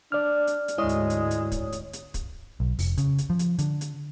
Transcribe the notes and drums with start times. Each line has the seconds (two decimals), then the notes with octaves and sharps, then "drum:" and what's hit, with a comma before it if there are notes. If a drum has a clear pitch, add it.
0.12 D4 D5 F6
0.47 drum: hi-hat
0.68 drum: hi-hat
0.78 D2 G#2 G#3 E4 C#5 D#6
0.89 drum: hi-hat
1.10 drum: hi-hat
1.31 drum: hi-hat
1.52 drum: kick, hi-hat
1.72 drum: hi-hat
1.93 drum: hi-hat
2.14 drum: kick, hi-hat
2.60 B1
2.79 F1, drum: open hi-hat
2.98 C#3, drum: hi-hat
3.18 drum: hi-hat
3.30 F3
3.39 drum: hi-hat
3.59 D3, drum: hi-hat
3.81 drum: hi-hat